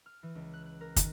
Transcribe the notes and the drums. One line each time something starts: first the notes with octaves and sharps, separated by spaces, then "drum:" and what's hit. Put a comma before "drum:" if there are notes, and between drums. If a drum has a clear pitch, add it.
F6
E3
C#2
F#6
F#6
A#4
D#3, drum: kick, hi-hat